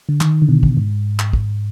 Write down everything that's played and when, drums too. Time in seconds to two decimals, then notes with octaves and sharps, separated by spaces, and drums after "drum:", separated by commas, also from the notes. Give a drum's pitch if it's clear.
0.09 D3
0.21 D#3, drum: clap
0.42 D3
0.49 B2
0.63 drum: kick
0.77 G#2
1.19 drum: clap
1.33 drum: kick